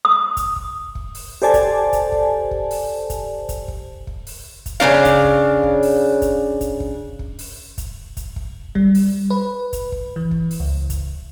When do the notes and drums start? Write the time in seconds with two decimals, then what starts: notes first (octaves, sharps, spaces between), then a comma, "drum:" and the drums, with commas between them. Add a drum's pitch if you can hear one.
0.05 D#6
0.37 drum: kick, hi-hat
0.56 drum: kick
0.95 drum: kick
1.15 drum: open hi-hat
1.42 G4 A4 C5 D5 G#5 A5
1.54 drum: kick, hi-hat
1.93 drum: kick, hi-hat
2.12 drum: kick
2.51 drum: kick
2.71 drum: open hi-hat
3.10 drum: kick, hi-hat
3.49 drum: kick, hi-hat
3.68 drum: kick
4.07 drum: kick
4.27 drum: open hi-hat
4.66 drum: kick, hi-hat
4.80 C#3 B3 D4 F5
5.05 drum: kick, hi-hat
5.24 drum: kick
5.63 drum: kick
5.83 drum: open hi-hat
6.22 drum: kick, hi-hat
6.61 drum: kick, hi-hat
6.80 drum: kick
7.19 drum: kick
7.39 drum: open hi-hat
7.78 drum: kick, hi-hat
8.17 drum: kick, hi-hat
8.36 drum: kick
8.75 G3, drum: kick
8.95 drum: open hi-hat
9.30 B4
9.73 drum: kick, hi-hat
9.92 drum: kick
10.16 E3
10.31 drum: kick
10.51 drum: open hi-hat
10.60 C#2
10.90 drum: kick, hi-hat